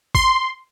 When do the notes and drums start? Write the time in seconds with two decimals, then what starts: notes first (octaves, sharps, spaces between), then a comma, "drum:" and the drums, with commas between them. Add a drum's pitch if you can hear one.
0.15 C6, drum: kick